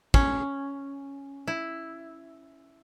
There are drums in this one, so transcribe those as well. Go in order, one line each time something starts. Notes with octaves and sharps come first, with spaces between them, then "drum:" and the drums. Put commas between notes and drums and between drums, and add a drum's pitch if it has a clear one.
C#4, drum: kick
E4